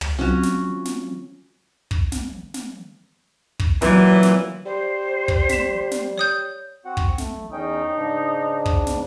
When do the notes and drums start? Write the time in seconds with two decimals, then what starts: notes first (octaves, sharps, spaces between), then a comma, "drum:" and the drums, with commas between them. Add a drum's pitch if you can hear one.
0.01 drum: tom
0.19 F#3 C4 C#4 F4 F#4
0.43 drum: snare
0.85 drum: snare
1.91 drum: kick
2.12 drum: snare
2.54 drum: snare
3.59 drum: kick
3.81 A#2 E3 F#3, drum: snare
4.23 drum: snare
4.66 G3 C5
5.28 drum: kick
5.49 B6 E7, drum: snare
5.91 drum: snare
6.18 C#5 D#6 G6
6.85 C4 F#4 F#5
6.97 drum: kick
7.18 A3, drum: snare
7.52 E2 C#4 D#4 G5
7.97 G#2 C#3 D4
8.66 drum: kick
8.87 drum: snare